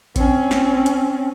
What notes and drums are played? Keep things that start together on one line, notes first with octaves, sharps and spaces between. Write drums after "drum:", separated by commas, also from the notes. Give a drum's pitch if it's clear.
C4 C#4, drum: kick A1, hi-hat
drum: snare
drum: hi-hat